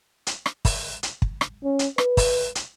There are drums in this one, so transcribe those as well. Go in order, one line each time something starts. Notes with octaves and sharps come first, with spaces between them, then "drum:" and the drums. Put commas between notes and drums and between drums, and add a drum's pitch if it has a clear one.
drum: hi-hat
drum: rim click
drum: kick, open hi-hat
drum: hi-hat
drum: kick
drum: rim click
C#4
drum: hi-hat
B4, drum: rim click
drum: kick, open hi-hat
drum: hi-hat